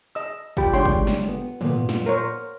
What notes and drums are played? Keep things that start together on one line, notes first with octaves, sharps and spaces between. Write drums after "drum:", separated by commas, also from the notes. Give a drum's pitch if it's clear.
D#5 E6
F4 G4 B5, drum: kick
C#3 G#3 D4 C#5 G5 C6
drum: kick
drum: snare
B3
A#2 B3, drum: tom
drum: snare
A#4 C5 C#5